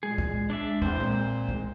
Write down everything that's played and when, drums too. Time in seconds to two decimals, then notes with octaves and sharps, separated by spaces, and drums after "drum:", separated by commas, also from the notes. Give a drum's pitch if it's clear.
0.03 A#2 G#3 G#4
0.18 drum: kick
0.50 D4 D5 E5
0.82 E2 C4 C5, drum: kick
1.00 A#2
1.49 G#2 G#3, drum: kick